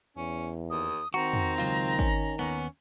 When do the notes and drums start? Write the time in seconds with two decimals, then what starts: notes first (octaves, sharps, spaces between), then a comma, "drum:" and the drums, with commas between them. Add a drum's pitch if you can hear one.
0.17 E2 C#4
0.70 D#2 D#6
1.14 D#3 C4 F#4 A#5
1.34 drum: tom
1.58 C#2 F#3 F4
1.99 C#4, drum: kick
2.39 D#2 B3 C#4